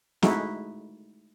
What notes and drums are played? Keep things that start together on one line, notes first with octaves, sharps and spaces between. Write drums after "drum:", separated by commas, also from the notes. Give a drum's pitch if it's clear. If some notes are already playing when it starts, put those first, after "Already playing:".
G#3 A3 D#4 E4 F#4 G#4, drum: snare